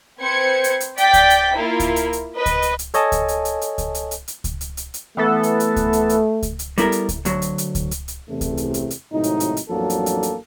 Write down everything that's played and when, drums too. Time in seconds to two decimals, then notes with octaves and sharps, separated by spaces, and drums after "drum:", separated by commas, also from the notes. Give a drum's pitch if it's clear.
0.19 C4 B4 C5 G#6 C#7
0.64 drum: hi-hat
0.80 drum: hi-hat
0.98 D5 G5 G6 A6 B6, drum: hi-hat
1.13 drum: kick C#2, hi-hat
1.30 drum: hi-hat
1.55 A#3 E4 F4 A#4
1.80 drum: kick C#2, hi-hat
1.96 drum: hi-hat
2.13 drum: hi-hat
2.34 B4 D#5
2.46 drum: kick C#2, hi-hat
2.62 drum: hi-hat
2.79 drum: hi-hat
2.94 A4 C#5 D#5 G#5 A5, drum: hi-hat
3.12 drum: kick C#2, hi-hat
3.28 drum: hi-hat
3.45 drum: hi-hat
3.61 drum: hi-hat
3.78 drum: kick C#2, hi-hat
3.95 drum: hi-hat
4.11 drum: hi-hat
4.28 drum: hi-hat
4.44 drum: kick C#2, hi-hat
4.61 drum: hi-hat
4.77 drum: hi-hat
4.94 drum: hi-hat
5.17 E3 A3 B3 A4
5.43 drum: hi-hat
5.60 drum: hi-hat
5.76 drum: kick C#2, hi-hat
5.93 drum: hi-hat
6.09 drum: hi-hat
6.43 drum: kick C#2, hi-hat
6.59 drum: hi-hat
6.78 G3 B3 E4 A4 A#4, drum: hi-hat
6.92 drum: hi-hat
7.09 drum: kick C#2, hi-hat
7.25 D2 F#3, drum: hi-hat
7.42 drum: hi-hat
7.58 drum: hi-hat
7.75 drum: kick C#2, hi-hat
7.91 drum: hi-hat
8.08 drum: hi-hat
8.29 E2 C3 A3
8.41 drum: kick C#2, hi-hat
8.57 drum: hi-hat
8.74 drum: hi-hat
8.90 drum: hi-hat
9.13 G#1 A2 C3 F#3 D#4
9.24 drum: hi-hat
9.40 drum: hi-hat
9.57 drum: hi-hat
9.70 A1 F2 F#3 A#3 D4 A4
9.90 drum: hi-hat
10.06 drum: hi-hat
10.23 drum: hi-hat